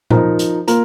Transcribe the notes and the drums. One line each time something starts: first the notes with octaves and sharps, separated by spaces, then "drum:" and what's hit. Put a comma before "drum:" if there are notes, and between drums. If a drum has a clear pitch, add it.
F3 D#4 A#4, drum: tom A#2
drum: hi-hat
A#3 F4 A#4, drum: hi-hat